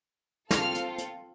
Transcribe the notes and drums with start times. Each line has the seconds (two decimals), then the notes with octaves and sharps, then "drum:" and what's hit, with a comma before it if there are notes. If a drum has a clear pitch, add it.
0.51 C4 F4 A4 F6, drum: snare
0.75 drum: hi-hat
0.98 drum: hi-hat